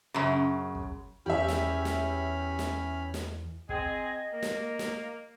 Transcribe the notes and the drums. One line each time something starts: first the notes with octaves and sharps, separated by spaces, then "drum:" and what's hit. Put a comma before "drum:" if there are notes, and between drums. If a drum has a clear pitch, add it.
F#2 C#3
drum: kick
E2 C#4 G4 E5 B5 F6
drum: snare
drum: snare
drum: snare
drum: snare
C4 G#4 D#5, drum: kick
A#3
drum: snare
drum: snare